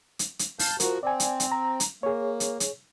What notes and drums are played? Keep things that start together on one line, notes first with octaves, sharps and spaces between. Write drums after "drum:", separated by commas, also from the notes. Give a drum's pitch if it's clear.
drum: hi-hat
drum: hi-hat
F5 A5 G6, drum: open hi-hat
F3 F#4 A#4, drum: hi-hat
C4 D5 G#5
drum: hi-hat
drum: hi-hat
A#5
drum: hi-hat
A#3 G#4 C#5
drum: hi-hat
drum: hi-hat